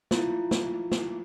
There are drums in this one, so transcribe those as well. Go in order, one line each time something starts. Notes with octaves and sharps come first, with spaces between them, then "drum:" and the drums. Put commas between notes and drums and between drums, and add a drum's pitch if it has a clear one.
E4 F4, drum: snare
drum: snare
drum: snare